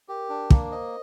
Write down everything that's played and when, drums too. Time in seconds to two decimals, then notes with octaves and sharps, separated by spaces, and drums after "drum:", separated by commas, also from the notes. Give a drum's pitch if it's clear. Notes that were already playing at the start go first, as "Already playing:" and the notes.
0.09 G4 A#4
0.30 D4
0.50 A#3, drum: kick
0.71 C5 D#5